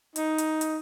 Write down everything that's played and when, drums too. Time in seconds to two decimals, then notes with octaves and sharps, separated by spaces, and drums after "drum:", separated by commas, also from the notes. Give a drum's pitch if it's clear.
0.16 D#4, drum: hi-hat
0.38 drum: hi-hat
0.61 drum: hi-hat